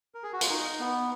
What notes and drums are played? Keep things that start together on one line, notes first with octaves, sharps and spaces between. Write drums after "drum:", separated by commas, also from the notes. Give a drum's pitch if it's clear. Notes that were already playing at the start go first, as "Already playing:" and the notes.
A#4
G#4
F#4
F4, drum: hi-hat
D#4
B3